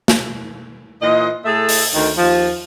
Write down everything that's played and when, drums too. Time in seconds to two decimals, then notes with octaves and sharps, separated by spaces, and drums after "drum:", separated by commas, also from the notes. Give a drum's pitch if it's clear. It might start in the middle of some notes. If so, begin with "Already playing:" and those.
0.08 drum: snare
1.02 A#2 E3 C5 D#5
1.45 A2 A3 G#4 A4 E5
1.69 drum: open hi-hat
1.94 D2 D#3
2.17 D#2 F3